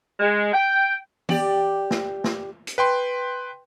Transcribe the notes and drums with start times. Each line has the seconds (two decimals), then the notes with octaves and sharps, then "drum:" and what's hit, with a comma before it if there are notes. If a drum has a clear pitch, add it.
0.19 G#3
0.53 G5
1.29 G4 D5, drum: tom
1.91 drum: snare
2.24 drum: snare
2.67 drum: hi-hat
2.78 B4 G5 C6